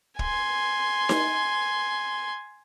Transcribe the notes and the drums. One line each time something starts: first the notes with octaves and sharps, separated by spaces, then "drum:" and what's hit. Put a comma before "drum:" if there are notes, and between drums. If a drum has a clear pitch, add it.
G#5 C6, drum: kick
drum: snare D#4